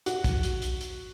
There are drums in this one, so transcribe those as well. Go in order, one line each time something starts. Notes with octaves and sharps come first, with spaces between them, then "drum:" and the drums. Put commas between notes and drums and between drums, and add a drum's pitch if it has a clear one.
F#4, drum: hi-hat
drum: kick, hi-hat
drum: hi-hat
drum: hi-hat
drum: hi-hat